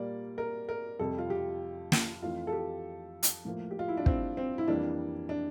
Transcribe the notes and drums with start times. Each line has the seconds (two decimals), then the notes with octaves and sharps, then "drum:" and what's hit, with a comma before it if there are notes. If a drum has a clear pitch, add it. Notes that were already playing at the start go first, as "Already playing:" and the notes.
Already playing: A#2 G3 A#3 D5
0.38 A#4
0.69 A#4
0.99 F2 C3 G3 A4
1.18 F4
1.30 G4
1.92 drum: snare
2.22 F2 E3 A3 F4
2.47 A4
2.53 G4
3.23 drum: hi-hat
3.45 A2 F3 A#3
3.71 G4
3.79 F4
3.88 E4
3.97 D4
4.06 C4, drum: kick
4.37 C4
4.58 E4
4.68 F2 E3 G3 A#3 D4
5.29 D4